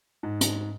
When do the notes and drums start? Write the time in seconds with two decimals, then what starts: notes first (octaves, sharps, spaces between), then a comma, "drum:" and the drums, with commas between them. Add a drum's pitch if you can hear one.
0.23 G#2
0.41 drum: hi-hat